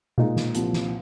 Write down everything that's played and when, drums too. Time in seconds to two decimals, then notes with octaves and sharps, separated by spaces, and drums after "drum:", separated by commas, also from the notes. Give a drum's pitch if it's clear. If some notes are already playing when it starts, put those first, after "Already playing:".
0.18 A#2 G#3 D#4, drum: tom B2
0.36 drum: snare
0.55 C2 A#2 F3, drum: hi-hat
0.73 drum: snare